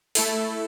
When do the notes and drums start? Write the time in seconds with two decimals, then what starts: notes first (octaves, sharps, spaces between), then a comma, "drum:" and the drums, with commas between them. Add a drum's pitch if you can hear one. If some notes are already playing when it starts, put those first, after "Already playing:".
0.15 A3 E4 A4, drum: open hi-hat